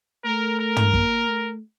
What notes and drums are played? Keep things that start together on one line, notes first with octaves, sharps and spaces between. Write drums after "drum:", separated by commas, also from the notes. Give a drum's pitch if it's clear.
A3 A#4
A#4
drum: tom
A#3, drum: kick
A3